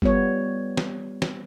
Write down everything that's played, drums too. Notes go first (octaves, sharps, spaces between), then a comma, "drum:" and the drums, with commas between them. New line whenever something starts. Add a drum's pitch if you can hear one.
G3 B3 F4 C#5, drum: kick G1
drum: snare
drum: snare